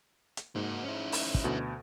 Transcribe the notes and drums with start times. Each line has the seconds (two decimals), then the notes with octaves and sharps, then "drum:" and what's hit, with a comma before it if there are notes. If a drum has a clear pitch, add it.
0.37 drum: hi-hat
0.55 G#2 A#3 F#4
0.84 C#4 E4
1.12 drum: open hi-hat
1.35 drum: kick
1.44 D2 B2